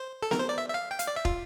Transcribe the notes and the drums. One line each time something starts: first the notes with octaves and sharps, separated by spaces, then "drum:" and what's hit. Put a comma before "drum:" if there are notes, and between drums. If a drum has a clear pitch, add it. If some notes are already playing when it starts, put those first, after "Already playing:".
Already playing: C5
A4
A#4, drum: snare B3
C5
D5
E5
E5
F5
G5
F5, drum: hi-hat
D5
E5
F4, drum: kick